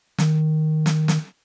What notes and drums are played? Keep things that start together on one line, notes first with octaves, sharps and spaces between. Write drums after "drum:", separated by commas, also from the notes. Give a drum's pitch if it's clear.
D#3, drum: snare
drum: snare
drum: snare